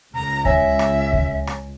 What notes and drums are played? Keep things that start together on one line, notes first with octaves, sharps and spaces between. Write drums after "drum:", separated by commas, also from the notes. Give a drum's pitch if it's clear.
C#2 A#5
C#5 E5 G#5 A#6, drum: kick D2
drum: rim click
drum: kick D2
drum: rim click